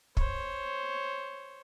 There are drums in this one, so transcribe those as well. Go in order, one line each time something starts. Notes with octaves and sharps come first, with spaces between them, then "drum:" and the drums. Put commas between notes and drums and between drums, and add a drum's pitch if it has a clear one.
C5 C#5, drum: kick